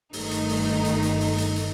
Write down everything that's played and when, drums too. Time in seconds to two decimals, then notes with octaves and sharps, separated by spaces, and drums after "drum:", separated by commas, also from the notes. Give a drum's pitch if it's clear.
0.13 G1 G2 D#3 A3 D#4, drum: open hi-hat
0.31 drum: hi-hat
0.49 drum: open hi-hat
0.85 drum: hi-hat
1.02 drum: hi-hat
1.20 drum: open hi-hat
1.38 drum: hi-hat
1.56 drum: hi-hat